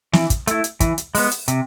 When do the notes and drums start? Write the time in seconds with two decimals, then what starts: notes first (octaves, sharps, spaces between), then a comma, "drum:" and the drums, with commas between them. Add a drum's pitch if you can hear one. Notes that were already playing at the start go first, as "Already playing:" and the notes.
0.13 E3, drum: snare
0.30 drum: kick, hi-hat
0.47 A3 E4, drum: hi-hat
0.64 drum: hi-hat
0.80 E3, drum: kick, hi-hat
0.98 drum: hi-hat
1.15 G#3 B3, drum: open hi-hat
1.31 drum: hi-hat
1.48 C3, drum: hi-hat